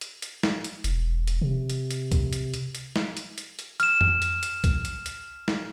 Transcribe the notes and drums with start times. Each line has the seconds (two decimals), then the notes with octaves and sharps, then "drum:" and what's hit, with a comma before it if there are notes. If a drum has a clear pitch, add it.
0.01 drum: hi-hat
0.22 drum: hi-hat
0.43 drum: snare
0.64 drum: hi-hat
0.84 E1, drum: hi-hat
1.27 drum: hi-hat
1.41 C3
1.70 drum: hi-hat
1.91 drum: hi-hat
2.12 drum: kick C2, hi-hat
2.33 drum: hi-hat
2.54 drum: hi-hat
2.75 drum: hi-hat
2.96 drum: snare
3.17 drum: hi-hat
3.38 drum: hi-hat
3.59 drum: hi-hat
3.80 F6 E7, drum: hi-hat
4.01 drum: tom F2
4.22 drum: hi-hat
4.43 drum: hi-hat
4.64 drum: kick C2, hi-hat
4.85 drum: hi-hat
5.06 drum: hi-hat
5.48 drum: snare